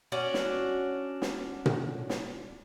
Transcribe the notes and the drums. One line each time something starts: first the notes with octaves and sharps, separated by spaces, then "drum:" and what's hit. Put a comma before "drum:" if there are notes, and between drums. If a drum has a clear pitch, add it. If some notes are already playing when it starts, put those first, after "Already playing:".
C#4 D4 F#4
drum: snare
drum: snare
drum: tom A#2
drum: snare